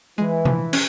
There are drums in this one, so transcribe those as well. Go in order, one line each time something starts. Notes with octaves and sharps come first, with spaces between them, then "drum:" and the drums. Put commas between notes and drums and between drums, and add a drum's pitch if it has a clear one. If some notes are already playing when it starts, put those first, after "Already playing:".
E3 G#3
F3, drum: tom C3
C#4, drum: cymbal